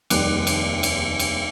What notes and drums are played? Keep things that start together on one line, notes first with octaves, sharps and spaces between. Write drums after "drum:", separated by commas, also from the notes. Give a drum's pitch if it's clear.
F1 D#2 G3 D6 F#6, drum: cymbal
drum: cymbal
drum: cymbal
drum: cymbal